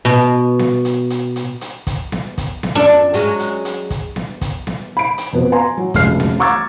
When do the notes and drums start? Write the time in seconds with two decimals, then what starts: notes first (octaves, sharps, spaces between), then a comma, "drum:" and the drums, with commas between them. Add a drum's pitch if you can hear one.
0.05 B2
0.59 drum: snare B3
0.85 drum: hi-hat
1.10 drum: hi-hat
1.36 drum: hi-hat
1.61 drum: hi-hat
1.87 drum: kick, hi-hat
2.12 drum: snare B3
2.38 drum: kick, hi-hat
2.63 drum: snare B3
2.75 F#2 D4 F4 A4
3.14 F#3 G#3 C#4, drum: hi-hat
3.40 drum: hi-hat
3.65 drum: hi-hat
3.90 drum: kick, hi-hat
4.16 drum: snare B3
4.41 drum: kick, hi-hat
4.67 drum: snare B3
4.97 B5 D7
5.18 drum: hi-hat
5.33 F2 B2 B3
5.52 G#5 A#5 C6
5.77 F#3
5.94 F1 C#2 F#3 F6 C7, drum: kick, hi-hat
6.20 drum: snare B3
6.40 A#5 C#6 D6 E6 G#6 A6